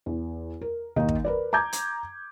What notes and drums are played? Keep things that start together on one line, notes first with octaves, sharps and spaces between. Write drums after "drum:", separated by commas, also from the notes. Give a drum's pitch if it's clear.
E2
A#4
D#2 D#3 D#4
drum: kick
A#4 B4 D5
A#5 D6 G6 G#6
drum: hi-hat